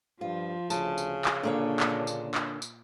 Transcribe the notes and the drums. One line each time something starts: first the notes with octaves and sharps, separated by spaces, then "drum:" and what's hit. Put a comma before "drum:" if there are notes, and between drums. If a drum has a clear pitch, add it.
G2 F3 F4
D2 C#3 A5, drum: tambourine
drum: tambourine
drum: clap
A#2 D3 A#3 D4 C#5
drum: clap
drum: tambourine
drum: clap
drum: tambourine